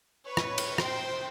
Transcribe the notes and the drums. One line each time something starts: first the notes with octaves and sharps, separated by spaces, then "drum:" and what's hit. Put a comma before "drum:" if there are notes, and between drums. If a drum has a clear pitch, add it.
B4 C#5
drum: rim click
drum: cymbal
C5 G5 C6, drum: rim click